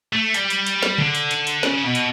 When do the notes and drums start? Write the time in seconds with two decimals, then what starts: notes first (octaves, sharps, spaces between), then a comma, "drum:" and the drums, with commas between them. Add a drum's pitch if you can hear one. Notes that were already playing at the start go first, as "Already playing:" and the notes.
0.13 A3
0.34 G3, drum: hi-hat
0.50 drum: hi-hat
0.66 drum: hi-hat
0.83 drum: snare
0.98 D3, drum: tom C3
1.15 drum: hi-hat
1.31 drum: hi-hat
1.47 drum: hi-hat
1.63 C#3, drum: snare
1.84 B2
1.95 drum: hi-hat